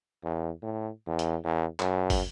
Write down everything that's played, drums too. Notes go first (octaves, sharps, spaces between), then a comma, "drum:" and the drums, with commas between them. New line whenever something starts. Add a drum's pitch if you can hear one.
E2
A2
E2
drum: hi-hat
E2
F#2, drum: clap
drum: kick, open hi-hat